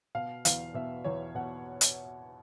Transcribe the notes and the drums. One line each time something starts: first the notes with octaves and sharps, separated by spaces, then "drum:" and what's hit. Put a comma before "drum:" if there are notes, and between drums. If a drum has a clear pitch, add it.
B2 F5
E2 F5, drum: hi-hat
B2 E5
E2 C#5
B2 F#5
drum: hi-hat